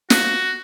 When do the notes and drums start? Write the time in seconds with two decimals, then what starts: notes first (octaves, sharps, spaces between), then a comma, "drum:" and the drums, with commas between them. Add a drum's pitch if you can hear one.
0.10 F#4, drum: snare